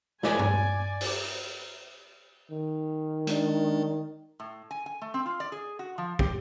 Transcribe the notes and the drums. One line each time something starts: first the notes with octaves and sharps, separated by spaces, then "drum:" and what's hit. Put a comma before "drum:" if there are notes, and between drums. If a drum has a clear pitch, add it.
D5 G#5, drum: snare
drum: tom G2
drum: open hi-hat
D#3
G#3 D4 D5, drum: hi-hat
A2
G#5
G#5
A3
C4
F4
D5
G#4
F#4
F3
G4, drum: kick